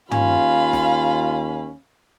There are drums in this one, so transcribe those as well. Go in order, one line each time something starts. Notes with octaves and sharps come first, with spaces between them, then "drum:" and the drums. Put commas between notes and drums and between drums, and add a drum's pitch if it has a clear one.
D#2 C#4 F4 F5 B5, drum: tom
drum: snare